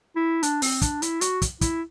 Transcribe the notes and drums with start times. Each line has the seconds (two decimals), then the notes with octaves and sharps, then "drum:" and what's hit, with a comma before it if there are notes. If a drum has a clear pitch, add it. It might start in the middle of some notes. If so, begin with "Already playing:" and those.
0.16 E4
0.43 D4, drum: hi-hat
0.62 C4, drum: open hi-hat
0.82 D4, drum: kick, hi-hat
1.02 E4, drum: hi-hat
1.21 F#4, drum: hi-hat
1.42 drum: kick, hi-hat
1.61 E4, drum: kick, hi-hat